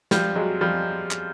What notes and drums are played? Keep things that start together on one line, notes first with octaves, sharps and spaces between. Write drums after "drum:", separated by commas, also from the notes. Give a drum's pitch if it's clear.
F3 G3, drum: snare
F#3 G#3
F3 G3
drum: clap